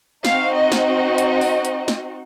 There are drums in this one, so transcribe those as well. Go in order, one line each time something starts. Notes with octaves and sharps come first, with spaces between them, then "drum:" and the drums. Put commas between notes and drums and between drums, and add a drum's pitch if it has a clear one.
C4 D#4 F#4 F5, drum: snare
D#5
drum: snare
D#5
drum: hi-hat
drum: open hi-hat
drum: hi-hat
drum: snare